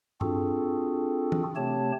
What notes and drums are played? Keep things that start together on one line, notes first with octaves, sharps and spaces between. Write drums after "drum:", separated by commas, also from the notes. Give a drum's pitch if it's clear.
C4 D4 F4 F#4 G#4 A4, drum: tom G2
drum: tom E3
C3 A3 C4 G4 C#5 A5